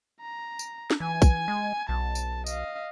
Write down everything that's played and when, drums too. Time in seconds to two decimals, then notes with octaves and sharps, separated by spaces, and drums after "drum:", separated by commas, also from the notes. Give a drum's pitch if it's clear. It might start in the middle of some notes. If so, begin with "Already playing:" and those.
0.21 A#5
0.59 drum: tambourine
0.90 drum: snare
1.00 E3 G#5 G#6
1.22 drum: kick, tambourine
1.48 G#3
1.89 B1 A5
2.15 drum: tambourine
2.46 D#5 F5, drum: tambourine